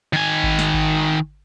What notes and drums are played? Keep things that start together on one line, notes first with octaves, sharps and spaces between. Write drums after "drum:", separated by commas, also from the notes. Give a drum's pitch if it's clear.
D#3 G#5
drum: kick G#1
drum: snare
drum: kick G#1